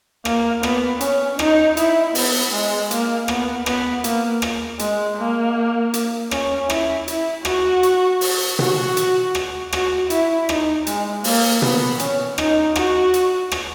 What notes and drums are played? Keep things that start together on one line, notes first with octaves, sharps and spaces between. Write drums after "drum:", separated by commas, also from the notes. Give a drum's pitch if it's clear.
A#3, drum: rim click
B3, drum: rim click
C#4, drum: hi-hat
D#4, drum: rim click
E4, drum: hi-hat
B3, drum: open hi-hat
G#3
A#3, drum: hi-hat
B3, drum: rim click
B3, drum: rim click
A#3, drum: hi-hat
drum: rim click
G#3, drum: hi-hat
A#3
drum: hi-hat
C#4, drum: rim click
E4, drum: rim click
E4, drum: hi-hat
F#4, drum: rim click
drum: hi-hat
drum: open hi-hat
F#4, drum: tom B2
drum: hi-hat
drum: rim click
F#4, drum: rim click
E4, drum: hi-hat
D#4, drum: rim click
G#3, drum: hi-hat
A#3, drum: open hi-hat
B3, drum: tom B2
C#4, drum: hi-hat
D#4, drum: rim click
F#4, drum: rim click
drum: hi-hat
drum: rim click